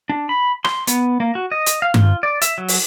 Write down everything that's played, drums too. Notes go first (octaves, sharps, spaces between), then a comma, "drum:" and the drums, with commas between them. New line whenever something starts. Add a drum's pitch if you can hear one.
D4
B5
C6, drum: rim click
B3, drum: hi-hat
A#3
F#4
D#5
drum: hi-hat
F5
F4, drum: tom G2
D5
E5, drum: hi-hat
F#3
drum: open hi-hat